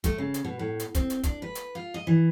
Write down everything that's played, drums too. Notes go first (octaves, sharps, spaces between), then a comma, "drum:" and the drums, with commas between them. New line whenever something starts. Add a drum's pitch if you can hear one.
A3, drum: kick, hi-hat
C#3
drum: hi-hat
B2
A2
drum: hi-hat
C4, drum: kick, hi-hat
drum: hi-hat
D4, drum: kick, hi-hat
B4
drum: hi-hat
F4
D#5
E3